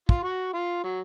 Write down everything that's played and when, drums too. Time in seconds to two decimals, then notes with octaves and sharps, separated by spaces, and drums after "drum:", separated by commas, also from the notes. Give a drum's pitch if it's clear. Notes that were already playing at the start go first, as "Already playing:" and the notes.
0.09 F4, drum: kick
0.23 F#4
0.53 F4
0.84 F#3